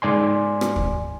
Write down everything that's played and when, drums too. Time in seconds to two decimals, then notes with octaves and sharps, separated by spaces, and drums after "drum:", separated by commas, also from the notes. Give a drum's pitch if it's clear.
0.02 G#2 D5 G#5 C6
0.61 drum: rim click
0.76 drum: kick